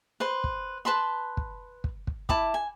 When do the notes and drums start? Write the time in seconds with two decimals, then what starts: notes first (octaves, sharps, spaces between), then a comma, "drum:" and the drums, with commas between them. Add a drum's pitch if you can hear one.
0.20 B4 C5 C6
0.44 drum: kick
0.85 B4 A5 B5 C6
1.37 drum: kick
1.84 drum: kick
2.07 drum: kick
2.29 E4 A5 B5 D6, drum: kick
2.54 G#5